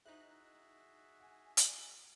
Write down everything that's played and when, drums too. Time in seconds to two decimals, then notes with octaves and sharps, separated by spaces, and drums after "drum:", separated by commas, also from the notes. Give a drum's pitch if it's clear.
0.05 D#4 E4 F#4 G#4 C5 E5 F#6
1.20 F#5 G#5
1.57 drum: hi-hat